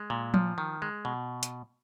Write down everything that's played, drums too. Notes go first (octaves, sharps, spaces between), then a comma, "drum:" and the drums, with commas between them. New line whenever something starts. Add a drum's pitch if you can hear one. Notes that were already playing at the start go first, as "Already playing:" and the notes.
Already playing: G#3
A#2
F3, drum: tom F3
D#3
G#3
B2
drum: hi-hat